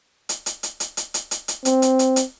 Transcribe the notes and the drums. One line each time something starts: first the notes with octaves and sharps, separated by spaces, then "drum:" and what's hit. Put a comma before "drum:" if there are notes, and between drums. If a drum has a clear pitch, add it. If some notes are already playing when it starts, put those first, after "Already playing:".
drum: hi-hat
drum: hi-hat
drum: hi-hat
drum: hi-hat
drum: hi-hat
drum: hi-hat
drum: hi-hat
drum: hi-hat
C4, drum: hi-hat
drum: hi-hat
drum: hi-hat
drum: hi-hat